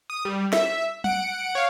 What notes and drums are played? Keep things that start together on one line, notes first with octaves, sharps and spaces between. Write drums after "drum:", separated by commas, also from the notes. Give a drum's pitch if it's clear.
D#6
G3
E5, drum: snare
F#5 D7, drum: tom
C#5 F5